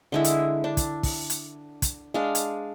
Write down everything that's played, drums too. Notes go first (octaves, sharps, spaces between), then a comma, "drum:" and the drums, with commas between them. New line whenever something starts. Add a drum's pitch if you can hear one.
D3 G#3 E4
drum: hi-hat
D4
drum: kick, hi-hat
drum: kick, open hi-hat
drum: hi-hat
drum: kick, hi-hat
G#3 D4 F5
drum: hi-hat